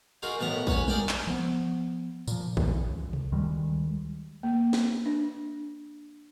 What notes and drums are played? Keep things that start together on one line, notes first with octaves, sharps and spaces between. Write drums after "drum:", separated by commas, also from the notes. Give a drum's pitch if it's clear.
D#4 F4 F#4 G#4 A#4
B1 A2 B3 A#4 F#5 A#5
B4 C#5 F#5 G#5, drum: kick
G#4 A#4 D5 G5 G#5, drum: tom G3
drum: clap
F3 B3
A#2 F3, drum: tambourine
B1 D3 E3, drum: kick
C#2
drum: tom C3
D2 D#3 G3 G#3
A#3
drum: snare
D4